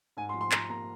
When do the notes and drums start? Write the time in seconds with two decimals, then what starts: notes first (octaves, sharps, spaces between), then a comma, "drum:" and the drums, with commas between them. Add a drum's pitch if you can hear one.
0.17 G#2 G#5
0.29 C6
0.34 F3
0.41 C6
0.52 G#2 A#5, drum: clap
0.69 A#3 A#5